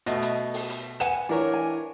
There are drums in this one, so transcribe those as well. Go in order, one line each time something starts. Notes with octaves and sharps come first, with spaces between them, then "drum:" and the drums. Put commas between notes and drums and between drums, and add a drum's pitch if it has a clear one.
B2 A3 D#5, drum: hi-hat
drum: hi-hat
drum: open hi-hat
drum: hi-hat
B4 F#5 G#5 E7, drum: hi-hat
E3 D4 A#4 C#5
G#5